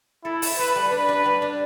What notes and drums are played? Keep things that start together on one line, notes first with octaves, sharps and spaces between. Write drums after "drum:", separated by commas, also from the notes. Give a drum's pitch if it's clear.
E4 A4
A4, drum: open hi-hat
A4 B4
G3
D4 B4
D4
G3
D4